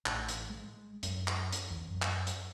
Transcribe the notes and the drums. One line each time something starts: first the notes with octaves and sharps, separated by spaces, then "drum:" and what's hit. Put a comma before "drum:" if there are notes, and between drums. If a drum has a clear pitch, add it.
A1, drum: clap
drum: hi-hat
G#3
F#2, drum: hi-hat
drum: clap
drum: hi-hat
E2
F#2
drum: clap
drum: hi-hat